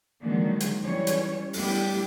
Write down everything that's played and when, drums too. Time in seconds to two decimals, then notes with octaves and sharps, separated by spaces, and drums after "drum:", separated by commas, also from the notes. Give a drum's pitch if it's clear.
0.21 D3 D#3 F3 F#3 G#3 A#3
0.60 drum: hi-hat
0.83 E3 G3 C#4 C#5
1.07 drum: hi-hat
1.53 G3 A3 B3 D4 E4 G4, drum: open hi-hat